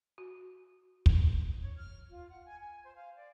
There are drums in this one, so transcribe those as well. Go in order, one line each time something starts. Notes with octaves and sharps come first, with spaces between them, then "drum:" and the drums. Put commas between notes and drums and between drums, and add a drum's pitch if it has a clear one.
F#4
drum: kick
C#5
F6
F4
F#5
G#5
G#5
C5
F5
D5